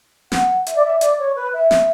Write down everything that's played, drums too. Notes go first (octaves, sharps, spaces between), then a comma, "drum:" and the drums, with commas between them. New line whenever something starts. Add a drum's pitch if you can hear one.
F#5, drum: snare
E5, drum: hi-hat
D5
E5
D5, drum: hi-hat
C#5
B4
E5
drum: snare